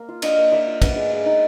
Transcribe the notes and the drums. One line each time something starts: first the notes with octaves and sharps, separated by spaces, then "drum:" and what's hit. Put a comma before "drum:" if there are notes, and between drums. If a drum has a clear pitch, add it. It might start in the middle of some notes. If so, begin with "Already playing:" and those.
Already playing: A#3
F4
D4 D#5 F5, drum: cymbal
A#3
A#3 D5 E5
F4
B3, drum: kick, cymbal
G#3
G#3
D#4